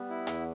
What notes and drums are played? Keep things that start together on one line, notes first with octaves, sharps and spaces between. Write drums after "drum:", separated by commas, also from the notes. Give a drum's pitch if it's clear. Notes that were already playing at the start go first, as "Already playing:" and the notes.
Already playing: G3 B3
E4
E2, drum: hi-hat